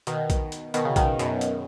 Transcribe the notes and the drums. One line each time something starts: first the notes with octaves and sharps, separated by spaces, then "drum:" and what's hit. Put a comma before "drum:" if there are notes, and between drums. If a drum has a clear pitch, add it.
B2 D#3, drum: hi-hat
drum: kick, hi-hat
drum: hi-hat
B2 D#3, drum: hi-hat
C#3
B2 D#3, drum: kick, hi-hat
F#2 B2, drum: hi-hat
drum: hi-hat